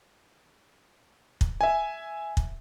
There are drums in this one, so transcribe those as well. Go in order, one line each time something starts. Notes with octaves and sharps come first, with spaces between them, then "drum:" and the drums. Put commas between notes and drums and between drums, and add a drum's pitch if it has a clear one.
drum: kick
E5 G#5
drum: kick